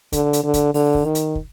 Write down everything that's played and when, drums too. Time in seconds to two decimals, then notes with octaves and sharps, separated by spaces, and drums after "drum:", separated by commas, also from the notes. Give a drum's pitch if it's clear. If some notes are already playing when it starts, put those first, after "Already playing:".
0.12 D3, drum: kick, hi-hat
0.33 drum: hi-hat
0.44 D3
0.54 drum: kick, hi-hat
0.74 D3, drum: open hi-hat
0.94 drum: kick
1.05 D#3
1.15 drum: hi-hat
1.35 drum: kick